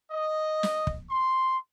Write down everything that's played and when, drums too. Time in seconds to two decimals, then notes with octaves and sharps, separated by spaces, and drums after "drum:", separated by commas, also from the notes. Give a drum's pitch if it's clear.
0.12 D#5
0.63 drum: snare
0.87 drum: kick
1.09 C6